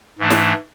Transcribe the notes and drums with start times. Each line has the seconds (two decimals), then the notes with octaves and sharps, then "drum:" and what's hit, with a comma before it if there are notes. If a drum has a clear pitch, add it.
0.19 G#2 E3 A3 D4
0.30 drum: snare